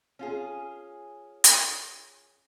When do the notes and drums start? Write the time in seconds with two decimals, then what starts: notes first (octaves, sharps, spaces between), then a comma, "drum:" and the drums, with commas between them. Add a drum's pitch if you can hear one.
0.19 C#4 F4 G#4
1.44 drum: hi-hat